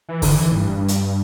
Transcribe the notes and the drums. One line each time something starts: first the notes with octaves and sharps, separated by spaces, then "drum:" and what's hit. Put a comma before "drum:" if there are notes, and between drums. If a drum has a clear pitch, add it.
E3
D3, drum: kick, open hi-hat
E3
A2
G2
drum: hi-hat